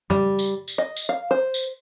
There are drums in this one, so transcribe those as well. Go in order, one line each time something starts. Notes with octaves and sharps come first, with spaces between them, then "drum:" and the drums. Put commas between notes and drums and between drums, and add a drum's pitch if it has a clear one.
G3, drum: tom
drum: tambourine
drum: tambourine
D#5
drum: tambourine
F5
C5
drum: tambourine